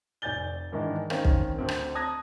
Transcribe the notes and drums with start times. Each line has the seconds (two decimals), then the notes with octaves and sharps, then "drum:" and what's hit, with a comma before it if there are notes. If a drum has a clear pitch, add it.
0.22 F1 D5 G#5 G6 A6 G7
0.72 G#2 D#3 E3 G#3 D4
1.10 D#3 C4 C#4 F5, drum: rim click
1.25 drum: kick B1
1.58 D2 C4
1.68 drum: rim click
1.95 A5 A#5 D#6 F#6 G#6 A#6